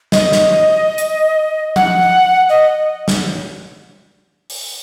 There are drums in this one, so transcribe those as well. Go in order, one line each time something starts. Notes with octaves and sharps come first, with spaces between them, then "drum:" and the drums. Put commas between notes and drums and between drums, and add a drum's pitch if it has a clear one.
D#5, drum: snare
drum: snare
drum: hi-hat
F#5, drum: tom F3
D#5
drum: snare
drum: open hi-hat